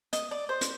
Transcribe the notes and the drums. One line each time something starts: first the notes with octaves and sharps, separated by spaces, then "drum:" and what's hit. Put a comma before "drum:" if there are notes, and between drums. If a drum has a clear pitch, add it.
D#5, drum: hi-hat
D5
C5
drum: hi-hat